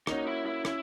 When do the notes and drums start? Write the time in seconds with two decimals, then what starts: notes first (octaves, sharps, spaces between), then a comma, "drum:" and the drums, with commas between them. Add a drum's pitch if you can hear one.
0.07 A#3 C#4 D#4 F#4 C#5, drum: rim click
0.27 E4
0.46 E4
0.65 C#4 E4, drum: rim click